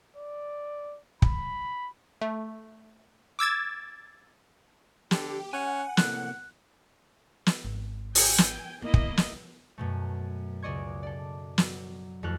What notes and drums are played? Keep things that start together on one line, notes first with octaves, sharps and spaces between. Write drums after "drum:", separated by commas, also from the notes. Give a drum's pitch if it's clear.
D5
B5, drum: kick
A3
D6 E6 G#6 A6
D3 G4, drum: snare
C#4 F#5 G#5
A2 C3 A#3 F#6, drum: snare
drum: snare
G#1
G5 G#5, drum: open hi-hat
drum: snare
A#3 B3 E4 D#5
drum: kick
drum: snare
F#2 B2 A3
C#2 D5 D#5 C#6 G#6
A4 D5
F#3, drum: snare
D#1 F2 A3 A4 F6 F#6